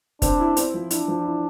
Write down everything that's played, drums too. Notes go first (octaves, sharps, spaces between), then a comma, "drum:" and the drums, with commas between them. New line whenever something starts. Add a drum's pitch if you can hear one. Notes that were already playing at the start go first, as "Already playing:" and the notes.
C4 D4, drum: kick, hi-hat
E4
C4, drum: hi-hat
F3
D4 E4, drum: hi-hat
F3
E4